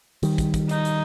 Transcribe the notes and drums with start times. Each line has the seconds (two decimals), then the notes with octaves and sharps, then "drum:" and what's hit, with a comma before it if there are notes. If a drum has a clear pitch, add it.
0.23 D#3 G3, drum: hi-hat
0.38 drum: kick, hi-hat
0.54 drum: kick, hi-hat
0.69 D#4, drum: hi-hat
0.85 drum: hi-hat